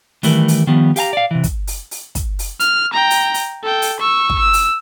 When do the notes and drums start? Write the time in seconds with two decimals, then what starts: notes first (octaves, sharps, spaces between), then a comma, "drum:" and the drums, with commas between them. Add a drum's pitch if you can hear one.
0.23 D#3 E3 G3 A3 A#4 B4, drum: open hi-hat
0.48 drum: open hi-hat
0.67 D#3 F3 G3 B3
0.96 G4 F5 G#5 A#5, drum: open hi-hat
1.13 D5 F5
1.31 C3 E3
1.44 drum: kick, hi-hat
1.67 drum: open hi-hat
1.91 drum: open hi-hat
2.15 drum: kick, hi-hat
2.39 drum: open hi-hat
2.60 F6, drum: hi-hat
2.94 G5 A#5
3.10 drum: open hi-hat
3.34 drum: open hi-hat
3.63 A4 G5
3.82 drum: open hi-hat
4.00 C#6 E6
4.30 drum: kick
4.39 E6
4.53 drum: open hi-hat